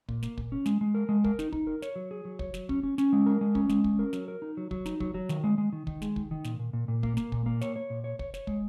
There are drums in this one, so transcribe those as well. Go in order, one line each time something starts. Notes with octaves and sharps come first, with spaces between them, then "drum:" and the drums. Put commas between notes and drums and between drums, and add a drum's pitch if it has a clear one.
A#2, drum: kick
A#3, drum: snare
A#2, drum: kick
C#4
G#3, drum: snare
G#3
A#4
G#3
A#4, drum: kick
D#4, drum: snare
D#4, drum: kick
A#4
C#5, drum: snare
F#3
G#4
F#3
C#5, drum: kick
F#3, drum: snare
C#4, drum: kick
C#4
C#4, drum: snare
G#3
A#4
G#3
C#4, drum: kick
G#3, drum: snare
C#4, drum: kick
A#4
F#3, drum: snare
A#4
D#4
F#3
F#3, drum: kick
D#4, drum: snare
F#3, drum: kick
F#3
D#3, drum: snare
G#3
G#3
D#3
D#3, drum: kick
G#3, drum: snare
D#3, drum: kick
D#3
A#2, drum: snare
A#2
A#2
A#2
A#3, drum: kick
A#3, drum: snare
A#2, drum: kick
A#3
C#5, drum: snare
C#5
A#2
C#5
C#5, drum: kick
C#5, drum: snare
G#3, drum: kick